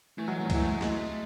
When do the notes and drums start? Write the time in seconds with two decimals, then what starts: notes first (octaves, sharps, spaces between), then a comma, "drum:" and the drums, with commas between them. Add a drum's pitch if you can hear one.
0.18 E3 A3
0.28 F#3 G#3
0.36 E3 A3
0.45 F#3
0.50 E3 G#3, drum: kick C#2, cymbal
0.60 A3
0.69 G#3
0.81 G#3 A3, drum: snare